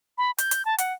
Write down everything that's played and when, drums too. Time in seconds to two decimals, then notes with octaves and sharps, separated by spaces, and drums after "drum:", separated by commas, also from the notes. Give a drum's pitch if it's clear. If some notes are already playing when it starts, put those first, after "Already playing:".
0.18 B5
0.38 G6, drum: hi-hat
0.51 drum: hi-hat
0.65 A5
0.78 F#5, drum: hi-hat